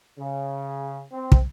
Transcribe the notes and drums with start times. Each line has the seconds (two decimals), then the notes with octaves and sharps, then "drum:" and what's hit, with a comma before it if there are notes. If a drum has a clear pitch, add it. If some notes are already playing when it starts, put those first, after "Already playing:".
0.18 C#3
1.12 C4
1.32 drum: kick